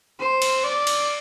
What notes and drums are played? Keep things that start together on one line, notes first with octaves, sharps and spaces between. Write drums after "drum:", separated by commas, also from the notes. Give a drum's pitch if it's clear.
C5
drum: cymbal
D5
drum: cymbal